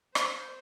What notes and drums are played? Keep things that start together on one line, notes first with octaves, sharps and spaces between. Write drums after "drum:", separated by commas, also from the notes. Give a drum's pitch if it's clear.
C5, drum: rim click